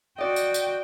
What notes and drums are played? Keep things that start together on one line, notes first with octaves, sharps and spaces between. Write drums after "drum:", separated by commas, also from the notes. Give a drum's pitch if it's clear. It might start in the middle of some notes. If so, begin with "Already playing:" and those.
F#4 D5 D#5 G5
drum: tambourine
drum: tambourine